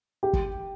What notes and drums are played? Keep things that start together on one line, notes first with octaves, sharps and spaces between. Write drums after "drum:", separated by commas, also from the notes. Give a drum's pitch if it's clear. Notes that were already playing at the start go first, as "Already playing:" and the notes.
G4
drum: kick